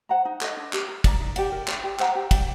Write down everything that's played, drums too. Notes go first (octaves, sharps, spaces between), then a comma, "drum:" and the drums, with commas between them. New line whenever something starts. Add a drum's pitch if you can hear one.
C5 F#5 A#5
D#4
A4 D#5, drum: clap
D4
G4 A#4, drum: clap
A#4
D5 G5 A#5, drum: kick, cymbal
D#4
G4 D5 F#5, drum: cymbal
A#4
D5 G5, drum: clap
G4
C5 F#5 A#5, drum: clap
G4
D5 G5, drum: kick, cymbal